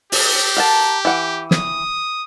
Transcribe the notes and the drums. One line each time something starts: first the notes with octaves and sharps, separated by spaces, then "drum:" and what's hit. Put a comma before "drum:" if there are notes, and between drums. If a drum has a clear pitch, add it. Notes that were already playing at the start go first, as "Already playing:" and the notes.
G4, drum: open hi-hat
A#4 F#5 A5
E3 F#5 G5
D#6, drum: snare